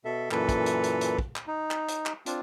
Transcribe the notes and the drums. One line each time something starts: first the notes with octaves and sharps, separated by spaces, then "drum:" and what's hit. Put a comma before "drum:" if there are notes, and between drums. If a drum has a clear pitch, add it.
B2 A4 E5
F#2 A#2 E3 A4 B4, drum: clap
drum: kick, hi-hat
drum: hi-hat
drum: hi-hat
drum: hi-hat
drum: kick
drum: clap
D#4
drum: clap
drum: hi-hat
drum: clap
C4 D4 F4, drum: hi-hat